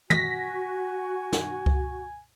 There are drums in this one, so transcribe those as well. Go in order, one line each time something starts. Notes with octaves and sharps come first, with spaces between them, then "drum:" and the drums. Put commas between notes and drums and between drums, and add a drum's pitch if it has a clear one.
F#4 G#5 A#6 B6, drum: tom
drum: snare
drum: kick C#2